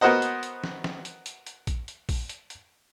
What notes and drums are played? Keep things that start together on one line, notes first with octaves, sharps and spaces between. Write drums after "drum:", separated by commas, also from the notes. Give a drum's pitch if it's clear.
B3 F#4 A#4 C5 D#5 F#5
drum: hi-hat
drum: hi-hat
drum: snare
drum: snare
drum: hi-hat
drum: hi-hat
drum: hi-hat
drum: kick, hi-hat
drum: hi-hat
drum: kick, open hi-hat
drum: hi-hat
drum: hi-hat